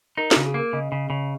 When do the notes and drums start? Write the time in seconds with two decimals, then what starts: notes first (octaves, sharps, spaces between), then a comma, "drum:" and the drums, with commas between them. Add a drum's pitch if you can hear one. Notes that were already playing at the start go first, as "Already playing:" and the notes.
0.17 D#4 A#4
0.31 C#3 F#4, drum: snare
0.46 G#4
0.54 A#3 A#4
0.73 C#3 D#5
0.92 C#3
1.10 C#3